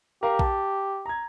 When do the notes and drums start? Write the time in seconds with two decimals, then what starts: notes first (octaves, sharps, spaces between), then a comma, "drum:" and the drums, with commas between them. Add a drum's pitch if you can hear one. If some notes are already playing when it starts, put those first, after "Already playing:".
0.23 G4 A#4 F5
0.39 A5, drum: kick A#1
1.06 A#5 G#6